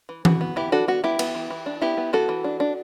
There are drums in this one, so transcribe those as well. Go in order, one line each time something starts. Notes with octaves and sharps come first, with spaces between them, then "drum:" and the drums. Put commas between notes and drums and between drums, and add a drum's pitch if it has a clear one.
E3
E3 F#4, drum: tom E3
B3
E3 E4 G4
D4 F#4 A4
B3 F#4
B3 E4 G4
B3, drum: cymbal
E3
E3
D4
B3 E4 G4
B3
E3 F#4 A4
E3
D4
D4